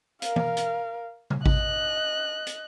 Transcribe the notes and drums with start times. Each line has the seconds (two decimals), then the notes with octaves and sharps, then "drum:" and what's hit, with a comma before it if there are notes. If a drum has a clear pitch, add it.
0.22 A#4 F5, drum: hi-hat
0.36 drum: tom E3
0.57 drum: hi-hat
1.30 drum: tom C#3
1.46 D#5 F#6, drum: kick G#1
2.46 drum: hi-hat